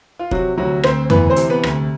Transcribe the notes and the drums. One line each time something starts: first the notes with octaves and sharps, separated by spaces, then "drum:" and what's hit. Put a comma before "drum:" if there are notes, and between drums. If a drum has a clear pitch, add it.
F4
C3 F#3 F#4, drum: kick
D2 F#3 F#4
D2 C4 C5, drum: rim click
E3 B3 B4, drum: tom F2
C4 C5
C3, drum: hi-hat
B3 B4
D2, drum: rim click